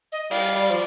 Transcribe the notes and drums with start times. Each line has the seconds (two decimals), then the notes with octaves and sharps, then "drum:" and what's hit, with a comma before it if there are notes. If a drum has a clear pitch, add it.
0.12 D#5
0.31 G3 F5, drum: open hi-hat
0.55 G3
0.70 F3